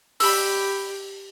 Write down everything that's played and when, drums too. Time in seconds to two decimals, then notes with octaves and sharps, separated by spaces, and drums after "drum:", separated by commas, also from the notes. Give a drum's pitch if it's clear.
0.20 G4 B5 E6, drum: open hi-hat